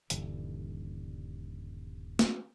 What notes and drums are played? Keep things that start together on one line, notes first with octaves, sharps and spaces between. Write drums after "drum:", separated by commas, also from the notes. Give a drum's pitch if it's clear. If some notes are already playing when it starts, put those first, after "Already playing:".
D#1 G2 D3 E3, drum: hi-hat
drum: snare